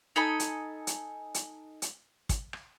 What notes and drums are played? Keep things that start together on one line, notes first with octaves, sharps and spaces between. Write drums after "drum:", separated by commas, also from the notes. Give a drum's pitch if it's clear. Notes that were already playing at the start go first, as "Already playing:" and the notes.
D#4 A4 G#5 B5
drum: hi-hat
drum: hi-hat
drum: hi-hat
drum: hi-hat
drum: kick, hi-hat
drum: rim click